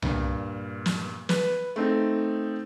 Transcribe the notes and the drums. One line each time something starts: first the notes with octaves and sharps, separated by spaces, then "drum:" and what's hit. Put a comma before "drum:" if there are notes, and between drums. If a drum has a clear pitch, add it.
G2 A#2, drum: tom C2
drum: snare
B4, drum: snare
A3 C4 D#4